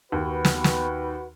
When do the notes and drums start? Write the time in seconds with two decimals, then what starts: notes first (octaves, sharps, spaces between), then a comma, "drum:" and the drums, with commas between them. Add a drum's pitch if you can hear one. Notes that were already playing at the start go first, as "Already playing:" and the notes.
0.12 D#2 F#4 B4
0.45 drum: snare
0.64 drum: snare